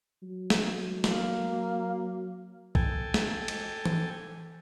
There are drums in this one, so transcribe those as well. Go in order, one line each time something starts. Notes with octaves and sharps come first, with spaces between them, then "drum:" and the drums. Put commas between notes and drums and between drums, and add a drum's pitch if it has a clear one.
F#3
drum: snare
A#3, drum: snare
A4 G5 G#5, drum: kick
drum: snare
drum: cymbal
drum: tom E3